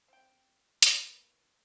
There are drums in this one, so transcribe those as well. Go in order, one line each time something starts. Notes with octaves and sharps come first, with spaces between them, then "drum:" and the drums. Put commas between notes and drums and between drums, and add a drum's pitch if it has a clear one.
C4 G5
A#3 B4, drum: hi-hat